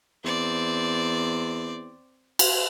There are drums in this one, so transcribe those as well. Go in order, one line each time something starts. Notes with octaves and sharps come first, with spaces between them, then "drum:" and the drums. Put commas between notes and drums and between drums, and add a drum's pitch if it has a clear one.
E2 C4 D5
drum: cymbal